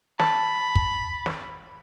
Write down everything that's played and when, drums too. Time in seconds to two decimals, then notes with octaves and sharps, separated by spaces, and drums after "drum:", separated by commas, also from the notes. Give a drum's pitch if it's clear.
0.20 A5 B5, drum: snare
0.75 drum: kick
1.26 drum: snare